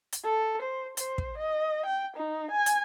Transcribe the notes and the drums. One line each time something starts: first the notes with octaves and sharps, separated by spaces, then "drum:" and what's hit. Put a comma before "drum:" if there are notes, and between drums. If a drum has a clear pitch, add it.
drum: hi-hat
A4
C5
C5, drum: hi-hat
drum: kick
D#5
G5
D#4
G#5
drum: hi-hat